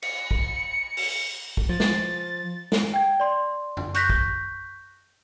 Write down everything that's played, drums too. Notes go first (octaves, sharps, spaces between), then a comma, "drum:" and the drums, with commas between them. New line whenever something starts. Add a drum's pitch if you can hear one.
C#7, drum: cymbal
drum: kick
drum: open hi-hat
drum: kick
F3 A6
drum: snare
drum: snare
G5 G#6
D5 C6
drum: tom F#2
C#6 F#6 G6 A#6 B6, drum: hi-hat
drum: kick